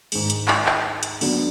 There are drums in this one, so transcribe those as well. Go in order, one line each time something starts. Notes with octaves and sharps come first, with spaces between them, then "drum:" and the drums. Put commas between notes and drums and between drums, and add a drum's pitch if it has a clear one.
G#2 D#3 G#3, drum: open hi-hat
drum: hi-hat
drum: clap
drum: clap
drum: hi-hat
D3 F#3 B3, drum: open hi-hat